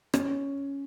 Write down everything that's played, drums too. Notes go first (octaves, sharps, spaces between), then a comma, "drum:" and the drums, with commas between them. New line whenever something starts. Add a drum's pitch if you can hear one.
C#4, drum: rim click